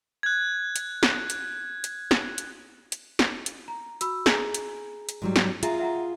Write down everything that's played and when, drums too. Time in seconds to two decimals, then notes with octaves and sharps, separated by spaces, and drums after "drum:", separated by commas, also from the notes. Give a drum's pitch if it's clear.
0.23 F#6 G#6
0.76 drum: hi-hat
1.03 drum: snare
1.30 drum: hi-hat
1.84 drum: hi-hat
2.11 drum: snare
2.38 drum: hi-hat
2.92 drum: hi-hat
3.19 drum: snare
3.46 drum: hi-hat
3.68 A#5
4.01 F#4 B5 E6, drum: hi-hat
4.26 G#4 G#5 A#5, drum: snare
4.54 drum: hi-hat
5.09 drum: hi-hat
5.22 G#2 F#3 G3
5.36 drum: snare
5.63 F4 G#4 E5 A#5, drum: hi-hat
5.79 E5 F#5 A#5